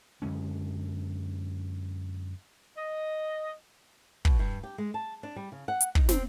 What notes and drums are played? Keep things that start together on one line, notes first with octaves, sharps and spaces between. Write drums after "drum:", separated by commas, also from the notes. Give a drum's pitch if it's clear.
F#2 D3 G#3 C#4
D#5
B2, drum: kick
G2
G4
G#3
A5
D4
G3
C#3
F#5
drum: hi-hat
D#4, drum: kick
C4, drum: snare